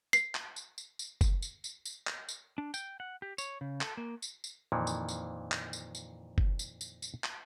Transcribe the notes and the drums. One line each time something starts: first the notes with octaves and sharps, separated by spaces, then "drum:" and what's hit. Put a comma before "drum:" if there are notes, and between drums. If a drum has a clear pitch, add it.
C7, drum: tambourine
drum: clap
drum: tambourine
drum: tambourine
drum: tambourine
drum: kick, tambourine
drum: tambourine
drum: tambourine
drum: tambourine
drum: clap
drum: tambourine
D4
G5, drum: tambourine
F#5
G4
C#5, drum: tambourine
C#3
A4, drum: clap
A#3
drum: tambourine
drum: tambourine
F2 A#2 D#3 E3
drum: tambourine
drum: tambourine
drum: clap
drum: tambourine
drum: tambourine
drum: kick
drum: tambourine
drum: tambourine
drum: tambourine
drum: clap